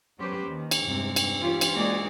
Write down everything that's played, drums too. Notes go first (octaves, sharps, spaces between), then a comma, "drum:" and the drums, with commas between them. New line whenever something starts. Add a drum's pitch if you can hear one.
F#3 B3 C#4 G4 B4 C5
D#2 D#3
drum: cymbal
E2 G2 C3 G#3
drum: cymbal
E3 C#4 F4 G4
drum: cymbal
G#3 A#3 D#4 F#4 G#4 D5